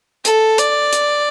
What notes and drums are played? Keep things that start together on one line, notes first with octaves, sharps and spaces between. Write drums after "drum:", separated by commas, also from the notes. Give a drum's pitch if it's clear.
A4, drum: hi-hat
D5, drum: hi-hat
drum: hi-hat